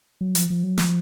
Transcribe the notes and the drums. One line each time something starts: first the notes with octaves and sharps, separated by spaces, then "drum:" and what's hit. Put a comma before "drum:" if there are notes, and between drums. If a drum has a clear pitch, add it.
F#3
F3, drum: hi-hat
F3
F#3
F3, drum: snare